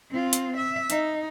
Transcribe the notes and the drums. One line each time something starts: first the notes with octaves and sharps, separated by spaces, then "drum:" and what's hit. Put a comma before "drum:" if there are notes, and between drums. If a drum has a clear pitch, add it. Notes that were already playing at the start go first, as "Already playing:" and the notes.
C4 F4
drum: hi-hat
E5
D#4, drum: hi-hat